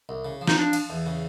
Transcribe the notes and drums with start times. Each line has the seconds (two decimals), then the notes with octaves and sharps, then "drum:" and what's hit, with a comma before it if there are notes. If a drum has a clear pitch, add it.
0.09 C2
0.25 C#3
0.41 F3
0.47 D#4, drum: snare
0.57 F3 D4
0.73 F3, drum: cymbal
0.90 E2
1.06 C#3